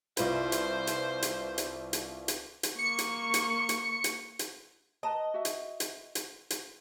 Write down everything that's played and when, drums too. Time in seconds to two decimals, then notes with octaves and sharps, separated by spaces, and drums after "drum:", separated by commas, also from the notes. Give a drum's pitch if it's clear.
0.17 C2 F4 B4 C5, drum: hi-hat
0.52 drum: hi-hat
0.87 drum: hi-hat
1.22 drum: hi-hat
1.58 drum: hi-hat
1.93 drum: hi-hat
2.28 drum: hi-hat
2.63 drum: hi-hat
2.79 A#3 C#6 C#7
2.98 drum: hi-hat
3.34 drum: hi-hat
3.69 drum: hi-hat
4.04 drum: hi-hat
4.39 drum: hi-hat
5.03 B4 D#5 A5 A#5
5.34 F#4 E5
5.45 drum: hi-hat
5.80 drum: hi-hat
6.15 drum: hi-hat
6.50 drum: hi-hat